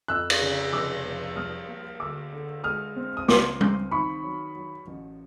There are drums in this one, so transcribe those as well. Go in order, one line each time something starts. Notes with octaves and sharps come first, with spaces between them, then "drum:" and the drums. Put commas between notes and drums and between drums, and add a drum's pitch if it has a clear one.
F2 E6 F#6
drum: cymbal
C#3
F1 D6 E6
F3
G3 D#6 F6
A#3
D2 D6 E6
D3
G#3 D#6 F6
C4
D#6
C#2 C6 D6, drum: snare
C4, drum: tom G3
D#3 B5 C#6
F#3
F#3
A1